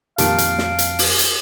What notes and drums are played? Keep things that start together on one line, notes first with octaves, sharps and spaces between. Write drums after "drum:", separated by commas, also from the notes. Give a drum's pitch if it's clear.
F2 A#2 D#3 G3 F5 A5 D7, drum: hi-hat
drum: hi-hat
drum: snare
drum: hi-hat
drum: open hi-hat
drum: hi-hat